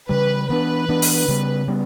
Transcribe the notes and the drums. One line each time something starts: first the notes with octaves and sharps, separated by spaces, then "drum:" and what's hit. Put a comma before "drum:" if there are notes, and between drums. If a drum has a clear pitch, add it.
C#3 E3 G3 B4
E3 B3 D4 B4
E3 B3 D4
drum: open hi-hat
C#3 G3 B3
C#3 G3 B3